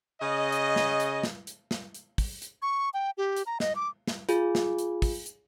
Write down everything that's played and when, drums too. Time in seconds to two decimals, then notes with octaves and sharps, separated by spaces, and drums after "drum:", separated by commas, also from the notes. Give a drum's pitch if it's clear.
0.22 C#3 D#5
0.52 drum: hi-hat
0.76 drum: snare
1.00 drum: hi-hat
1.23 drum: snare
1.47 drum: hi-hat
1.71 drum: snare
1.94 drum: hi-hat
2.18 drum: kick, open hi-hat
2.42 drum: hi-hat
2.62 C#6
2.94 G5
3.18 G4
3.36 drum: hi-hat
3.46 A#5
3.60 D#5, drum: snare
3.76 D6
4.07 drum: snare
4.29 F4 G#4, drum: hi-hat
4.55 drum: snare
4.78 drum: hi-hat
5.02 drum: kick, open hi-hat
5.26 drum: hi-hat